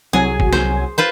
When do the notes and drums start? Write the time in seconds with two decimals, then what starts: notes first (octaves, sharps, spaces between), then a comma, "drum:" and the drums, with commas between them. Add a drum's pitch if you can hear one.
0.13 C2 F#3 G#4 G#5
0.40 drum: kick
0.53 C5, drum: snare
0.98 F4 B4 C5